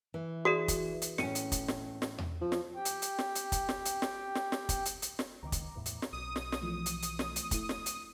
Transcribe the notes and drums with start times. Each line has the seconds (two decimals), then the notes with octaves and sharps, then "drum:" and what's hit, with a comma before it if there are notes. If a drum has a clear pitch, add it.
0.14 E3
0.45 F#4 G#4 D5 D#6
0.68 drum: kick, hi-hat
1.02 drum: hi-hat
1.18 A2 C#4 C#7 D#7, drum: snare
1.35 drum: hi-hat
1.52 drum: kick, hi-hat
1.68 drum: snare
2.02 drum: snare
2.18 drum: tom E2
2.41 F3
2.52 drum: snare
2.76 G4 G5
2.85 drum: hi-hat
3.02 drum: hi-hat
3.19 drum: snare
3.35 drum: hi-hat
3.52 drum: kick, hi-hat
3.69 drum: snare
3.85 drum: hi-hat
4.02 drum: snare
4.35 drum: snare
4.52 drum: snare
4.69 drum: kick, hi-hat
4.85 drum: hi-hat
5.02 drum: hi-hat
5.19 drum: snare
5.43 C#2 D#3 A#5 D6
5.52 drum: kick, hi-hat
5.75 E2 A2
5.86 drum: hi-hat
6.02 drum: snare
6.13 B1 D#6
6.36 drum: snare
6.52 drum: snare
6.62 E3 F3 A3
6.86 drum: hi-hat
7.02 drum: hi-hat
7.19 drum: snare
7.36 drum: hi-hat
7.51 A3 E4, drum: kick, hi-hat
7.69 drum: snare
7.86 drum: hi-hat